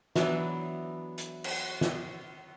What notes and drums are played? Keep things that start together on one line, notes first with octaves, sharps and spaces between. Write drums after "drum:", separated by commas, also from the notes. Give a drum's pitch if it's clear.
E3 F#3 B3 D4, drum: snare
drum: hi-hat
drum: cymbal
drum: snare